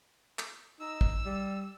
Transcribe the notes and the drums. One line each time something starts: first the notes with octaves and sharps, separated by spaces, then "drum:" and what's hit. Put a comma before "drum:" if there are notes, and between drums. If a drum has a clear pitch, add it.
drum: clap
D#4 E6
drum: kick
G3